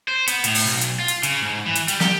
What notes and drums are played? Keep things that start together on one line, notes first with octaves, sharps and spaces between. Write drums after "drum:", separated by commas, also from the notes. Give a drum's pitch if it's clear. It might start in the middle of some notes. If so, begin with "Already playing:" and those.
C5
B3, drum: hi-hat
A2, drum: hi-hat
drum: open hi-hat
B1
drum: hi-hat
F4
drum: hi-hat
C#3, drum: hi-hat
G#2
E3
drum: hi-hat
G3, drum: hi-hat
G4, drum: snare